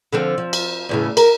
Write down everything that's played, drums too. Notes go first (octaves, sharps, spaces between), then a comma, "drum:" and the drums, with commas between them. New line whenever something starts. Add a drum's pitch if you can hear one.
D3 F3 C4
F3
drum: cymbal
E2 A2 C#3
A#4, drum: cymbal